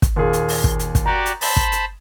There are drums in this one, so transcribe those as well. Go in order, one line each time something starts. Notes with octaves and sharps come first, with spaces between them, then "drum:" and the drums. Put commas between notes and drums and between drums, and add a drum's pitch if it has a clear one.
drum: kick, hi-hat
D#2 A#2 G#4
drum: hi-hat
drum: open hi-hat
drum: kick
drum: hi-hat
drum: kick, hi-hat
F#4 G4 D5 A#5
drum: hi-hat
C5 A5 B5, drum: open hi-hat
drum: kick
drum: hi-hat